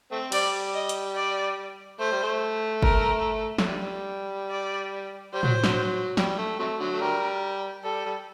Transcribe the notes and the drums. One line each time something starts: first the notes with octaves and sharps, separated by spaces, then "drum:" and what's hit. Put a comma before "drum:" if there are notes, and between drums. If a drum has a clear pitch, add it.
A3 C4
G3 D5, drum: cymbal
D#5
drum: hi-hat
D5
A3 C5
G3
A3
A#4, drum: kick F#1
A3, drum: snare
D3 G3
D5
G3 C5
F#3, drum: tom A2
D3 F#3, drum: snare
G3, drum: snare
A3
C3 F#3 A3
D3 F#3
A3
D3 G3 A#4
G3 A4
G3